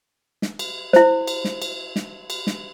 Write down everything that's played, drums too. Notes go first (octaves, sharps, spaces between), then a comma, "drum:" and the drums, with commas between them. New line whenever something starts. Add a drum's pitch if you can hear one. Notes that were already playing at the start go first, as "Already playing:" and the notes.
drum: snare
drum: cymbal
E4 C5, drum: snare
drum: cymbal
drum: snare
drum: cymbal
drum: snare
drum: cymbal
drum: snare